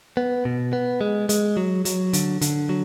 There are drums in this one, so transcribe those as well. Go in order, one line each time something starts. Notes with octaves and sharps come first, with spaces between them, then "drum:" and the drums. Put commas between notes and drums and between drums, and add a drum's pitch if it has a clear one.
B3
B2
B3
G#3
G#3, drum: hi-hat
F#3
F#3, drum: hi-hat
D3, drum: hi-hat
D3, drum: hi-hat
F#3